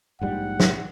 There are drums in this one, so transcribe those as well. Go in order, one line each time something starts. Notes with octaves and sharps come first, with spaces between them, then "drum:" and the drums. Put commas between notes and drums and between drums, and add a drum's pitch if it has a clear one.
A#1 G#2 G3 F#5
drum: snare